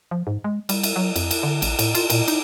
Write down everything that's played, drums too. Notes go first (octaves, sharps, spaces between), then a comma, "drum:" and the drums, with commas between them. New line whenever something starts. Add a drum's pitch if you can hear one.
F3
G#2
G#3
G3, drum: cymbal
drum: cymbal
F#3
F2, drum: cymbal
drum: cymbal
D3
A1, drum: cymbal
A2, drum: cymbal
F4, drum: cymbal
A#2, drum: cymbal
D#4, drum: cymbal